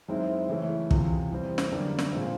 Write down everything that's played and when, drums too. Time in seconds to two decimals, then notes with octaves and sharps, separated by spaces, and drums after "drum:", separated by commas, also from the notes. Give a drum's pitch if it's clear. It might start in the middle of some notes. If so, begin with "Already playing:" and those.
0.08 F#2 D#3 G#3 C4 E4
0.49 C#3 E3 A3 C#4 E4
0.91 E2 C3 F3, drum: kick
1.31 E3 G3 C4
1.58 drum: snare
1.71 F#2 D3 G3 A#3 D4
1.99 drum: snare
2.12 A#2 F3 G#3 C4